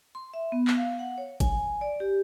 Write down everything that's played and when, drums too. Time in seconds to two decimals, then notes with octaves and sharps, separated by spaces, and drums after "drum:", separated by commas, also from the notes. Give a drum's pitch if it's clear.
0.15 C6
0.34 E5
0.52 B3
0.67 drum: clap
0.77 F5
0.99 F#5
1.18 C#5
1.40 G#5, drum: kick G#1, hi-hat
1.81 D5
2.00 G4